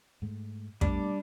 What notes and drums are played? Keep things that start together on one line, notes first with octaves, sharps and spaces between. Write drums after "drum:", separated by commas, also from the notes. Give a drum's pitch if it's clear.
G#2 G#3 A3
B2 G3 A3 A#3 D4, drum: kick